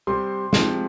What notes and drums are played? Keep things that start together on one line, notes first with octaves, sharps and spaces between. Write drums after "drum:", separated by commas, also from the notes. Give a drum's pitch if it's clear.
C3 G3 C4 C6
C3 F3 G#3, drum: snare